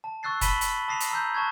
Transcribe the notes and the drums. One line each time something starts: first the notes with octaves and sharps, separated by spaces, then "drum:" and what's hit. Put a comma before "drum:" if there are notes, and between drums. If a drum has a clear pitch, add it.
A5
C#6 E6 F#6 A6 C7
A5 B5 B6 D#7 F#7 G7, drum: kick, hi-hat
drum: hi-hat
A5 D#6 A#6 C7 D#7 F7
drum: hi-hat
A#5 E6 G6
A5 C#6 F#6 G#6